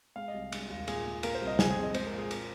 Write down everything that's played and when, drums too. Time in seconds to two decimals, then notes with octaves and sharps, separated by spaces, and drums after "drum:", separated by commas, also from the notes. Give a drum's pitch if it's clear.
0.16 G#3 F5
0.28 D#5
0.34 C2
0.52 G#3, drum: cymbal
0.70 D#2
0.88 A#2 G#4, drum: cymbal
1.06 A#2
1.23 A#3 A#4, drum: cymbal
1.35 C5
1.41 C2
1.47 D#5
1.59 C4 G#5, drum: snare
1.71 G#4
1.77 F2
1.83 D#5
1.94 G#3 C5, drum: cymbal
2.06 A#4
2.13 A#2
2.18 G#4
2.31 C4 A#4, drum: cymbal